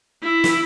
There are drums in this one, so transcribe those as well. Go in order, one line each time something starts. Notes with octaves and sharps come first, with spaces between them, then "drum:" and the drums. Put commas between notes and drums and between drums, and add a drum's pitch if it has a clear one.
E4
drum: snare